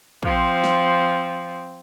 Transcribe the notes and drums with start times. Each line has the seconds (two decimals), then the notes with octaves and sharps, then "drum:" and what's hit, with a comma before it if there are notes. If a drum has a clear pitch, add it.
0.23 F3 C4, drum: kick
0.64 drum: snare